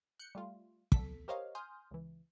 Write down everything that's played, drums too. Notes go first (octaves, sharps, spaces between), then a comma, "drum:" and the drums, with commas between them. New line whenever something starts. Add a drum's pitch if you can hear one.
F#6 G6 C#7
G3 A3 F4
D2 A4 B6, drum: kick
G4 A#4 C5 C#5 D#5 F5
G#5 C6 D#6 F6 G6
C#2 E3